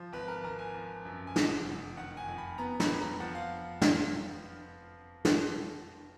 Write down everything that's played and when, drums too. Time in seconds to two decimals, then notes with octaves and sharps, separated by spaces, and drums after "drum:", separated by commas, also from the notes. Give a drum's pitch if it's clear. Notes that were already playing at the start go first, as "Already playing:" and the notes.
Already playing: F3
0.13 G#1 B4
0.28 A#4
0.44 G#1 A#4
0.59 G#5
0.74 F3
1.05 F#2
1.27 G#5
1.36 F1 F#5, drum: snare
1.66 F1
1.97 D#3 F#5
2.17 G#5
2.28 F2
2.38 B5
2.58 B3 A#5
2.80 B5, drum: snare
2.89 F2
3.00 A#5
3.20 F3 F#5
3.35 F5
3.81 drum: snare
5.25 drum: snare